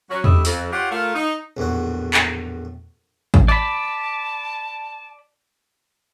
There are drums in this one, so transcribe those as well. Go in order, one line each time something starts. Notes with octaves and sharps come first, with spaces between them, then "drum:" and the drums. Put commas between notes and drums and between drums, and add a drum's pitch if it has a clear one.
F#3 C#4 F#4
G2 A3 E4 G4 D#5 E5, drum: tom E2
F2, drum: open hi-hat
F4 G4 C#5 F#5
A3 F4 A#4
D#4
A#1 E2 A2 F#4
drum: clap
drum: kick A1
D5 A5 B5